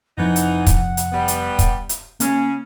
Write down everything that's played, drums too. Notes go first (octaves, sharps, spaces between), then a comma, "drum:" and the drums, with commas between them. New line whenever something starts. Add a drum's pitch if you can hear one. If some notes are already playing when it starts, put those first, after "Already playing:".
F1 E3 F3 B3 D#4 F#5
drum: hi-hat
drum: kick, hi-hat
drum: hi-hat
G3 B3
drum: hi-hat
drum: kick, hi-hat
drum: hi-hat
C#3 A#3 C#4, drum: hi-hat